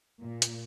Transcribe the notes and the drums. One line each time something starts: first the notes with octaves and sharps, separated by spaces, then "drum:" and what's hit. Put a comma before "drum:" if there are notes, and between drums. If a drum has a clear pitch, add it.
A#2
drum: hi-hat